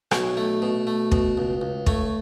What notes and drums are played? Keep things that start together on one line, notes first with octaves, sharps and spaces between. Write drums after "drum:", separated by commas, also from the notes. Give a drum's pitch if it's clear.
B1 C#5, drum: rim click
A3
B2
A3
B2, drum: kick
C#2
C#2
A3 C#5, drum: kick